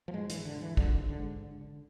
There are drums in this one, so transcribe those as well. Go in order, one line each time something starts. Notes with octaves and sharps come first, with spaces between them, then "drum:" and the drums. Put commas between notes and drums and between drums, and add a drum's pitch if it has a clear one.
F3
G#2 G#3
E3, drum: hi-hat
G#2
D3
G#2
E3
G#2 D3, drum: kick
G#2
D3
G#2
D3
D3